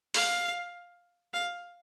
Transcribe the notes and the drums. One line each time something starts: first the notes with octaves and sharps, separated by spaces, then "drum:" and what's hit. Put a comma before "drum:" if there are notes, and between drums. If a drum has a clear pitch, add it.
F5, drum: open hi-hat
F5